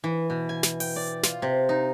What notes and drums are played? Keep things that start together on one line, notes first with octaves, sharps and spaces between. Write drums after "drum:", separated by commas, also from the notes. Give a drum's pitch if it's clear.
E3
B2
G#5
drum: snare
G5, drum: open hi-hat
D5
F4, drum: snare
C3
D#4